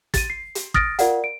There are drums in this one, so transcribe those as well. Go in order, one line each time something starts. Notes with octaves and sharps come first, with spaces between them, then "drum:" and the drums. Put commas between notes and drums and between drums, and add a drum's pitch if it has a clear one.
A6 D#7, drum: kick, hi-hat
C7
drum: hi-hat
D#6 F6 A6 A#6 D7, drum: kick
F4 A#4 D5 F5 F#5, drum: hi-hat
D7